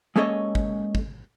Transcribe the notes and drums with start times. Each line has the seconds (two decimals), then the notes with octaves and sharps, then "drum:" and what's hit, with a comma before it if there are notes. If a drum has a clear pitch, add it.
0.16 G#3 A#3 C#4 A4 C#5 D#5
0.55 drum: kick
0.95 drum: kick